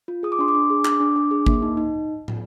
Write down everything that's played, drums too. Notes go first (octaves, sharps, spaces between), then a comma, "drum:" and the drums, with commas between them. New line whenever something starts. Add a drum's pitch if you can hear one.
F4
G#4 D#6
D6
D4 C6
D6
D4
G#4
D4 D6, drum: clap
D4
D4
G#4
A#3, drum: kick
D#4
D#4
drum: tom